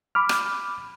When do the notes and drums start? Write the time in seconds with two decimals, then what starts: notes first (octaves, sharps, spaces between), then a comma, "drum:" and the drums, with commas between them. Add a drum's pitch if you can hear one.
0.15 B5 D6 F6
0.29 drum: rim click